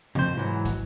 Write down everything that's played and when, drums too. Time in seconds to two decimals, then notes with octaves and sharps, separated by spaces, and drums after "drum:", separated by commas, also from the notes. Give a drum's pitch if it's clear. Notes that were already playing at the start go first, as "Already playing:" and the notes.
0.15 F2 C5, drum: tom C3
0.36 G#2 E3 F#3
0.65 drum: kick, hi-hat